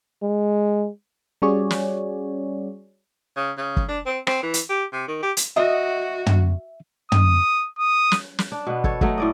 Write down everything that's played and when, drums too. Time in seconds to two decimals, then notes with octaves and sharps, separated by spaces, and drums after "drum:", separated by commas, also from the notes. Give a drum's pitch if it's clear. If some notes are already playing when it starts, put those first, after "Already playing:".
0.22 G#3
1.42 G3 C#4 F#4 G#4 C#5 D5
1.70 drum: snare
3.36 C#3
3.57 C#3
3.77 drum: kick
3.88 D4
4.06 C4
4.27 C4, drum: rim click
4.43 E3
4.54 drum: hi-hat
4.70 G4
4.93 C3
5.08 D#3
5.23 G4
5.37 drum: hi-hat
5.56 F#4 D#5 E5
6.26 drum: tom
7.12 D#6, drum: tom
7.79 D#6
8.12 drum: snare
8.39 drum: snare
8.52 D4
8.67 B2 B3
8.84 A4 C#5, drum: kick
9.01 F#3 A3 D#4, drum: kick
9.18 A2 D5 D#5